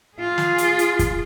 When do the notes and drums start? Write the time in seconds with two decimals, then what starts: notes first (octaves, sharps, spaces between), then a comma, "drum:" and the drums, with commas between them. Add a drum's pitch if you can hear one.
0.17 F4 G#4
0.38 drum: snare
0.58 drum: hi-hat
0.79 drum: hi-hat
0.99 drum: kick, hi-hat